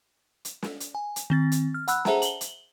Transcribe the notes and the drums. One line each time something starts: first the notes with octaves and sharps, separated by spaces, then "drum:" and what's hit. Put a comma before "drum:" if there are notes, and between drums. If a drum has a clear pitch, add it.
drum: hi-hat
drum: snare
drum: hi-hat
G#5
drum: hi-hat
D#3 C4 A6
drum: hi-hat
F6
F#5 B5 E6 F#6, drum: hi-hat
G#4 C5 E5 F#5 A5 A#5, drum: snare
F#7 G7, drum: hi-hat
drum: hi-hat